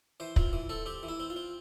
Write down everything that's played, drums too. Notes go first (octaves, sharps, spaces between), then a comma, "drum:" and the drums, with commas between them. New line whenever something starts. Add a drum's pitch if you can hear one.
E3 C5
C4 F4, drum: kick
E3
C4 A4
C4 G4
E3
E4
C4
F4
C4